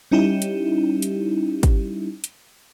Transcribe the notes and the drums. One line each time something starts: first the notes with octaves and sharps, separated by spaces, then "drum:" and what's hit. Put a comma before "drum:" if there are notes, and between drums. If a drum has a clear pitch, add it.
G3 C#4 D#4 E4 G4
drum: hi-hat
drum: hi-hat
drum: kick, hi-hat
drum: hi-hat